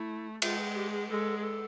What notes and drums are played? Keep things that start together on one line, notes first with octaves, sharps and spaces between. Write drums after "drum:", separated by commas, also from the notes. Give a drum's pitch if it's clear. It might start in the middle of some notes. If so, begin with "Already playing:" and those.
Already playing: A3 E4
G#3 F4, drum: cymbal
G4
G#4
G#3 A4
G#4
A4